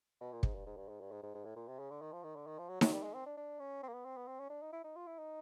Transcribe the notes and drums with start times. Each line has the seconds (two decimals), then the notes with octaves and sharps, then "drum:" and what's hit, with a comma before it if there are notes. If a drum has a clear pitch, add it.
0.21 B2
0.33 A#2
0.43 G#2, drum: kick
0.55 G2
0.66 G#2
0.77 G2
0.89 G#2
1.00 G2
1.11 G#2
1.23 G#2
1.34 G#2
1.45 A2
1.56 A#2
1.68 C3
1.79 C#3
1.90 D3
2.01 D#3
2.12 F3
2.24 D#3
2.36 D3
2.47 D#3
2.59 F3
2.69 F#3
2.81 F#3, drum: snare D#4
2.93 G3
3.03 G#3
3.14 C4
3.26 D4
3.37 D4
3.59 C#4
3.83 C4
3.88 A#3
3.94 B3
4.05 C4
4.17 B3
4.27 C4
4.40 C#4
4.50 D4
4.62 D#4
4.73 E4
4.84 D#4
4.96 F4
5.07 E4
5.18 D#4